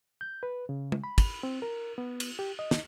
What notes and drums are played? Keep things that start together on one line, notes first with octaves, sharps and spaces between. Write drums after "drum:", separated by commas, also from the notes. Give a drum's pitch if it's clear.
G6
B4
C#3
drum: tom
B5
drum: kick, cymbal
C4
A#4
B3
drum: cymbal
G4
D#5
drum: snare